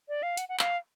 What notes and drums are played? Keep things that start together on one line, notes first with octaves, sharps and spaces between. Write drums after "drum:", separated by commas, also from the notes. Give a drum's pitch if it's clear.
D5
F5
F#5, drum: hi-hat
F#5
F5, drum: clap